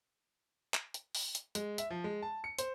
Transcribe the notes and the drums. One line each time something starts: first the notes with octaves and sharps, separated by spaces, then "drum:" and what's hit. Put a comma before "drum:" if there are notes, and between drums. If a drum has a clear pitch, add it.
drum: clap
drum: hi-hat
drum: open hi-hat
drum: hi-hat
G#3, drum: hi-hat
E5, drum: hi-hat
F3
G#3
A5
C#7
C5, drum: hi-hat